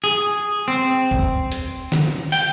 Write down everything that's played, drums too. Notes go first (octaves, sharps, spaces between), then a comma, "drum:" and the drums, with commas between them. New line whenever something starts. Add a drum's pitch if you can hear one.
G#4
C4
drum: kick C2
drum: hi-hat
drum: snare
G5, drum: open hi-hat